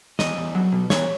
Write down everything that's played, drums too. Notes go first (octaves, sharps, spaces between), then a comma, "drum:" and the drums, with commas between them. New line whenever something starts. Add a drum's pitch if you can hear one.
E2 D#5, drum: snare
E2
F#3
B2
E2 C#5, drum: snare